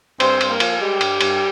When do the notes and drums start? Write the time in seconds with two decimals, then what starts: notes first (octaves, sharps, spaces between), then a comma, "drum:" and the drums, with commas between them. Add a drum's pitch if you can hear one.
0.20 G2 C4 C5, drum: cymbal
0.41 G2, drum: cymbal
0.50 A#3 A#4
0.60 F3, drum: cymbal
0.80 G3 G#3 G4
1.01 G2, drum: cymbal
1.21 G2, drum: cymbal